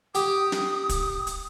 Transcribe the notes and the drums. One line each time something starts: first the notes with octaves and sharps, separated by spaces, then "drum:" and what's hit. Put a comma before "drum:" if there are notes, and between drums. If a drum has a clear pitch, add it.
G4 D#6, drum: hi-hat
drum: snare
drum: kick, hi-hat
drum: hi-hat